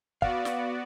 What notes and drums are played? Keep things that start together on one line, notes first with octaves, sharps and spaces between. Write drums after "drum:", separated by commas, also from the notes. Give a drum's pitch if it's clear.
B3 F#4 D5 F5, drum: kick
drum: snare